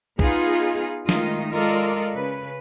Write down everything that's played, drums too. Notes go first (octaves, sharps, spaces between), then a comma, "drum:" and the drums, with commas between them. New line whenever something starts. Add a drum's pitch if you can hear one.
B3 D#4 F4 G#4, drum: kick
D#3 G#3 A3 D#4 F4 D#5, drum: snare
G#3 F4 A4 A#4 D5 D#5
C#3 B4